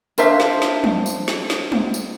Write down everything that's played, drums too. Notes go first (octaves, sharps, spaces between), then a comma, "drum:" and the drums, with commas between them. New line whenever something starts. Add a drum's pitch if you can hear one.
D4 C5 E5 F5, drum: tambourine
drum: snare
drum: snare
drum: tom
drum: tambourine
drum: snare
drum: snare
drum: tom
drum: tambourine